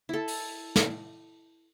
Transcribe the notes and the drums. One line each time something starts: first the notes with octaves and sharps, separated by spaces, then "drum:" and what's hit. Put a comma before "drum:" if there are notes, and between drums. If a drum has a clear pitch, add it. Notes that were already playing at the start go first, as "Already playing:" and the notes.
E4 A4
drum: open hi-hat
drum: snare